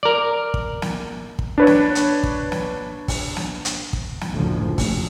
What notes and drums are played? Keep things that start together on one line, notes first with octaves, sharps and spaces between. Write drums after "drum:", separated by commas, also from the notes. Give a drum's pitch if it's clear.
A#4 D5
drum: kick
drum: snare
drum: kick
D4 B4 C#5
drum: snare
drum: hi-hat
drum: kick
drum: snare
drum: kick, open hi-hat
drum: snare
drum: hi-hat
drum: kick
drum: snare
F#1 D2 A2 C#3 F3
F1, drum: kick, open hi-hat